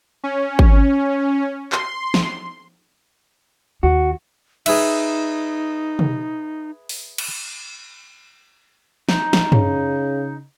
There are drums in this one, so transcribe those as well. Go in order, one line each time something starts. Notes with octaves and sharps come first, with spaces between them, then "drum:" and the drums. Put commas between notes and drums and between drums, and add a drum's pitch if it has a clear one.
C#4
drum: kick G#1
C6, drum: clap
drum: snare
D#2 F#4
D#4 G#4 B4 E5, drum: cymbal
drum: tom
drum: open hi-hat
drum: cymbal
D#4, drum: snare
drum: snare
C#3, drum: tom